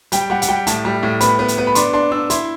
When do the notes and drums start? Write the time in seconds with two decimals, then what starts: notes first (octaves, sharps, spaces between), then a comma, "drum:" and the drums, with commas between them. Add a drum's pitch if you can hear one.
0.12 G3 G5, drum: hi-hat
0.30 G3 F#5
0.42 F#5, drum: hi-hat
0.48 G3 G5
0.67 A2 A5, drum: hi-hat
0.85 G3
1.03 A2
1.21 B3 B5, drum: hi-hat
1.39 B3
1.48 drum: hi-hat
1.58 B3
1.67 B5
1.75 D4 C6, drum: hi-hat
1.93 D4 C6
2.11 D4 E6
2.30 E4 C6, drum: hi-hat